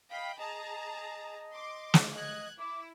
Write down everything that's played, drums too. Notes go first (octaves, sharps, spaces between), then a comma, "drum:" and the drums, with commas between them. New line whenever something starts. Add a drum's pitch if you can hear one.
D#5 F5 G5 B5
G#4 D#5 A5 A#5
C6 D6
drum: snare
D#5 F#6 G#6
E4 D6